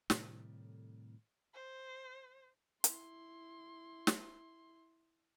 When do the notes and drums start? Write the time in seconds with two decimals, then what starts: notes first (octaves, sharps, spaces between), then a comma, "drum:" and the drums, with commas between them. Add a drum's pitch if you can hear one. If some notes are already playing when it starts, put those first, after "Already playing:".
0.10 A2 C3 D#3 G3, drum: snare
1.54 C5
2.84 E4 C6, drum: hi-hat
4.07 drum: snare